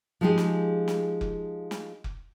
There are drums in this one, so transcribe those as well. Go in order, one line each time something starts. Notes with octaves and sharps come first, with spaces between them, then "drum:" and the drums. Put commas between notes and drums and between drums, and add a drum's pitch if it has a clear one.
F3 G#3 D#4 G4 G#4
drum: snare
drum: snare
drum: kick F1
drum: snare
drum: kick F1